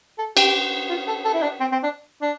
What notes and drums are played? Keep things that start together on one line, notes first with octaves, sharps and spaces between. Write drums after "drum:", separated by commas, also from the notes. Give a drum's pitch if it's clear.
A4
G4, drum: cymbal
F4
A4
A4
E4
D4
C4
C4
D4
D4